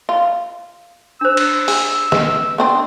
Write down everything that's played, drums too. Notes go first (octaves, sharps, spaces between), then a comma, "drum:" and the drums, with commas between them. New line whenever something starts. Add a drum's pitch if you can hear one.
F4
D4 C5 E6
drum: cymbal
G#4, drum: open hi-hat
G#3 B4, drum: snare
B3 C4 D4